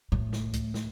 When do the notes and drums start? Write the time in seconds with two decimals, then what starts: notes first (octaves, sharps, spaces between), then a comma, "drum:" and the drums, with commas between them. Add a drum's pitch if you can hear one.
0.12 A2
0.33 drum: snare
0.53 drum: kick C#2, hi-hat
0.74 drum: snare